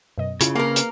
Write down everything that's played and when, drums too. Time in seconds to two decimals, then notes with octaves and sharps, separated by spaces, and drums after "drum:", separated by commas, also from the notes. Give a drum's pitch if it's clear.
0.18 F#2 B2 D#5
0.41 C#3 C#4 E4 F4, drum: hi-hat
0.55 A#3 C4 G#4 A#4 B4
0.76 drum: hi-hat